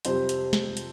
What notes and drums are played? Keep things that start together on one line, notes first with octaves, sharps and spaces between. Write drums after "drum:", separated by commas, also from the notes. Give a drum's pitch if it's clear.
F2 C3 G3 C5, drum: hi-hat
drum: hi-hat
drum: snare
drum: hi-hat